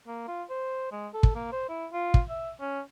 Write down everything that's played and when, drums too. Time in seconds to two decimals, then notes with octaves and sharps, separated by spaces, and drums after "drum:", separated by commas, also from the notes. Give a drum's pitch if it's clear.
0.07 A#3
0.28 F4
0.50 C5
0.92 G#3
1.14 A4
1.23 drum: kick
1.35 A#3
1.52 C5
1.69 E4
1.93 F4
2.14 drum: kick
2.29 E5
2.60 C#4